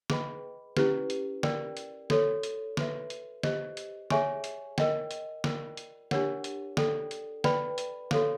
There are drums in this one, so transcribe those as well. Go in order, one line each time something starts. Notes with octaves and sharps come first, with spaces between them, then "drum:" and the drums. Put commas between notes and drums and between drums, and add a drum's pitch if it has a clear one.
G#4 B4 D#5 G5 B5, drum: snare
C#4 E4 G4 B4, drum: snare
drum: hi-hat
A#4 D5 G5, drum: snare
drum: hi-hat
F#4 A4 C#5, drum: snare
drum: hi-hat
F#4 B4 E5, drum: snare
drum: hi-hat
G4 C5 D#5, drum: snare
drum: hi-hat
G#4 C#5 E5 G#5 C#6, drum: snare
drum: hi-hat
A#4 D#5 G5, drum: snare
drum: hi-hat
F4 A#4 D5 G5, drum: snare
drum: hi-hat
D4 G4 A#4 C#5 F#5, drum: snare
drum: hi-hat
A4 D5 G5, drum: snare
drum: hi-hat
B4 D5 G5 B5, drum: snare
drum: hi-hat
F#4 A4 C#5 F5, drum: snare